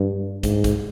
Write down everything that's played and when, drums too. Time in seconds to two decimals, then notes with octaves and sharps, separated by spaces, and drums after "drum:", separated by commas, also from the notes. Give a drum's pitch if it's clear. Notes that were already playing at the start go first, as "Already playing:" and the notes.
Already playing: G2
0.43 G#2, drum: kick, hi-hat
0.64 drum: kick, hi-hat